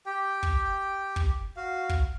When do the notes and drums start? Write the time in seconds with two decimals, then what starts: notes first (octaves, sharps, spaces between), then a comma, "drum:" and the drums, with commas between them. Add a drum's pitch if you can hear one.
0.06 G4 G5
0.43 drum: kick
1.16 drum: kick
1.57 F#4 F5
1.89 drum: kick